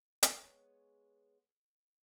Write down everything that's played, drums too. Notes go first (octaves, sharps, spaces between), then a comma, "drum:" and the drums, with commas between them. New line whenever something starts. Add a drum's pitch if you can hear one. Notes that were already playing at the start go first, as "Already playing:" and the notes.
G#3 B3 C#5, drum: hi-hat